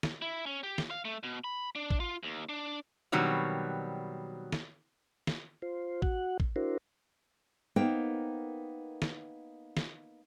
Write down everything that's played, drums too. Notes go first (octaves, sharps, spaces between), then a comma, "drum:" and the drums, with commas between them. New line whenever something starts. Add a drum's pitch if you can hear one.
drum: snare
E4
C#4
G4
drum: snare
F5
A3
B2
B5
D4
drum: kick
F4
D#2
D4
B2 D#3 F#3 G3 C4
drum: snare
drum: snare
F4 C5
F#4 F#5, drum: kick
drum: kick
D4 E4 F#4 A#4 C5
A#3 B3 D#4 A#4 C5 G5
drum: snare
drum: snare